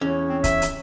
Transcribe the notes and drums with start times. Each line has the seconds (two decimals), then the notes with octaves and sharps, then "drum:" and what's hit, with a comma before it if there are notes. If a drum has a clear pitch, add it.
0.01 E2 C#4 C#5
0.29 C4
0.44 E5, drum: kick C#1, hi-hat
0.62 drum: hi-hat